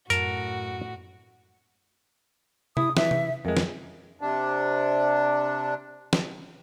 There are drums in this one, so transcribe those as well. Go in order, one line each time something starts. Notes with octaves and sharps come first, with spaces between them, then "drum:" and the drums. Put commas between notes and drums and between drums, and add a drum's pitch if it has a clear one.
F#2 A2 F#4 A#4 A5, drum: hi-hat
E4 D#6, drum: tom C3
E3 E5, drum: snare
drum: tom C3
F2 G#3 A#4
drum: snare
C3 D4
drum: snare